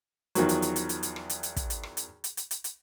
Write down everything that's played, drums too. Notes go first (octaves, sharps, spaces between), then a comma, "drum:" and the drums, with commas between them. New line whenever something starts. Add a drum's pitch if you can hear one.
E2 D#3 F3 F#3, drum: hi-hat
drum: hi-hat
drum: hi-hat
drum: hi-hat
drum: hi-hat
drum: hi-hat
drum: rim click
drum: hi-hat
drum: hi-hat
drum: kick, hi-hat
drum: hi-hat
drum: rim click
drum: hi-hat
drum: hi-hat
drum: hi-hat
drum: hi-hat
drum: hi-hat